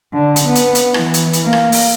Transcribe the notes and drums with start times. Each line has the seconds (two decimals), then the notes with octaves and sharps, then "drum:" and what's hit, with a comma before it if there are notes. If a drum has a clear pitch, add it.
0.13 D3
0.36 drum: hi-hat
0.45 B3
0.55 drum: hi-hat
0.75 drum: hi-hat
0.94 E3, drum: rim click
1.14 drum: hi-hat
1.33 drum: hi-hat
1.43 A#3
1.53 drum: rim click
1.72 drum: open hi-hat